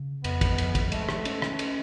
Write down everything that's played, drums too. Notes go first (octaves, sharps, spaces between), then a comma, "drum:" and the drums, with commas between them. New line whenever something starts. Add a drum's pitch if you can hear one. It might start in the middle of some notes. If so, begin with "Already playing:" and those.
Already playing: C#3
F2 B3, drum: cymbal
drum: kick, cymbal
F3, drum: cymbal
drum: kick, cymbal
G#3 A3, drum: cymbal
drum: rim click
C#4, drum: cymbal
drum: rim click
drum: cymbal